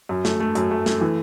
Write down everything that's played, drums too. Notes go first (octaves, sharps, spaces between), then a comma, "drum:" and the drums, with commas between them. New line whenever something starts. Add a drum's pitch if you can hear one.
F#2
A3, drum: snare
A3
F#2, drum: hi-hat
A3
A3, drum: snare
E3